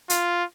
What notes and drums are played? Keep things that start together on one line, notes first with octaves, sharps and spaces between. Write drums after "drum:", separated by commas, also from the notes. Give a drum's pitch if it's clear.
F4, drum: hi-hat